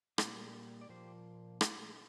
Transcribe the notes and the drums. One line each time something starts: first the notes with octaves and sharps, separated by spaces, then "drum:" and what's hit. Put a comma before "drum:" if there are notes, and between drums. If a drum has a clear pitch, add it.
A#2 G3 A#3 C4 F4, drum: rim click
D5
A#2 F3 A#3 G4 C5
drum: rim click